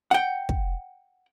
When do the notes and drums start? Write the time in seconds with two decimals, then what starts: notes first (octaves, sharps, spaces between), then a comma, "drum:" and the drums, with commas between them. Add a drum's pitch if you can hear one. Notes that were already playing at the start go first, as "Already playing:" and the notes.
0.11 F#5 G5
0.49 drum: kick